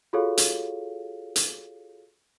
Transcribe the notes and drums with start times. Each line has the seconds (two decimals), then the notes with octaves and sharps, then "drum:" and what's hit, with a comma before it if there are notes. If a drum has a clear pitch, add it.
0.13 F4 F#4 G#4 A4 C#5 F5
0.38 drum: hi-hat
1.36 drum: hi-hat